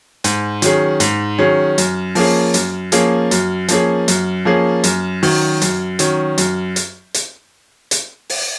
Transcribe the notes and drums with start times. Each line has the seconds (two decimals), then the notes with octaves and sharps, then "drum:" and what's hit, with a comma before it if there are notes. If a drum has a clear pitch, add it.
0.24 G#2, drum: hi-hat
0.62 D#3 F#3 C#4 G#4, drum: hi-hat
1.00 G#2, drum: hi-hat
1.38 D#3 F#3 C#4 G#4
1.78 F#2, drum: hi-hat
2.15 F3 A#3 C#4 G#4, drum: open hi-hat
2.54 F#2, drum: hi-hat
2.92 F3 A#3 C#4 G#4, drum: hi-hat
3.31 F#2, drum: hi-hat
3.68 F3 A#3 C#4 G#4, drum: hi-hat
4.08 F#2, drum: hi-hat
4.45 F3 A#3 C#4 G#4
4.84 F#2, drum: hi-hat
5.23 D#3 F#3 C#4, drum: open hi-hat
5.62 F#2, drum: hi-hat
5.99 D#3 F#3 C#4, drum: hi-hat
6.38 F#2, drum: hi-hat
6.76 drum: hi-hat
7.14 drum: hi-hat
7.91 drum: hi-hat
8.30 drum: open hi-hat